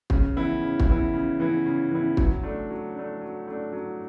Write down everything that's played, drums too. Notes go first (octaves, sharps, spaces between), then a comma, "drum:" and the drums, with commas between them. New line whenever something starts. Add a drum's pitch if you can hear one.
C#3, drum: kick
E3 B3 E4
C#3
drum: kick
E3 B3 E4
C#3
E3 B3 E4
C#3
E3 B3 E4
F#3, drum: kick
A3 D4
F#3
A3 D4
F#3
A3 D4
F#3